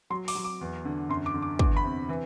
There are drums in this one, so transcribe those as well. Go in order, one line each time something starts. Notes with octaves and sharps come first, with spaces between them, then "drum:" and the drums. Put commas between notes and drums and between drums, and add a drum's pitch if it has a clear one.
F#3 C6
D6, drum: open hi-hat
F#3
D6
E2
D3
F#2 C6
D6
D3
D6
E2 D6, drum: kick
B5
C3
E3